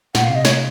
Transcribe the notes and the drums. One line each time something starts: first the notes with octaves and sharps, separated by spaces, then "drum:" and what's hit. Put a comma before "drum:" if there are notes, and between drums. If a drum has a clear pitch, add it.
A#2 F#5, drum: snare
F5
C3
D#5
C#5, drum: snare